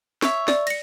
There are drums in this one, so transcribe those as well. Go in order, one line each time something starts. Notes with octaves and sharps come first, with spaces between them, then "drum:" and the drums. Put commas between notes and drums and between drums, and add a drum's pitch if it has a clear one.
C#5 E5, drum: snare
D5, drum: snare
A#6 C#7, drum: cymbal